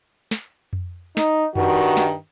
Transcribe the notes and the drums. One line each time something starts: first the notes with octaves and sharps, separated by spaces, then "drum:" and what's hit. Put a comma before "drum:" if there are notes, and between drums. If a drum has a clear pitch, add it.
drum: snare
drum: tom F2
D#4, drum: snare
G2 D#3 F#4, drum: tom F2
drum: snare